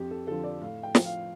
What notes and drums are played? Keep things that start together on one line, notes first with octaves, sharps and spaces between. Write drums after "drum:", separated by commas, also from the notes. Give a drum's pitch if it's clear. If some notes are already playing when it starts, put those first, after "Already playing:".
Already playing: F2 G4
A4
D3 F3 A4
D5
A2 F5
G5
F3, drum: snare
F5